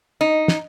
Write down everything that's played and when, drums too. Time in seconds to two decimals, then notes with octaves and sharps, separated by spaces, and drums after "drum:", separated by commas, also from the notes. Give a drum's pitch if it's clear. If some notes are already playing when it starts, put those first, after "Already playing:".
0.21 D#4
0.48 drum: snare